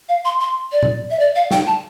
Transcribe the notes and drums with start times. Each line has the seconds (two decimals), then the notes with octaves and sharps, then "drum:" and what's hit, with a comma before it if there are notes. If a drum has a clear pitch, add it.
0.09 F5
0.25 C6
0.41 C6
0.72 D5
0.83 drum: tom A#2
1.11 E5
1.20 D5
1.36 F5
1.51 G5, drum: snare
1.67 A5